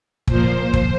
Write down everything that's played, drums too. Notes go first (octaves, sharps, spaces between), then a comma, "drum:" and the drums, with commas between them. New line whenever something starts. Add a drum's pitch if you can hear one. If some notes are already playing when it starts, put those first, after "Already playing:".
A#2 F3 A#3 C5, drum: kick
drum: kick